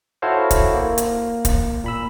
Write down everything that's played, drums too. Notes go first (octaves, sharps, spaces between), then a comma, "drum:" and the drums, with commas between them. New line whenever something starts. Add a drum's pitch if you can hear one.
E4 F#4 A4 C5 C#5 F5
drum: kick, hi-hat
A#3
drum: hi-hat
drum: kick, hi-hat
A#2 B5 E6